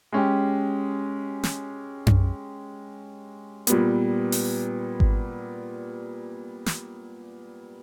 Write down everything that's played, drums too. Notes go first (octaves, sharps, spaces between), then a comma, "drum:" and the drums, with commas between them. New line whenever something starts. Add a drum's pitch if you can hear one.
G#3 C#4 G4
drum: snare
drum: tom F#2
A#2 G3 B3, drum: hi-hat
drum: open hi-hat
drum: kick G#1
drum: snare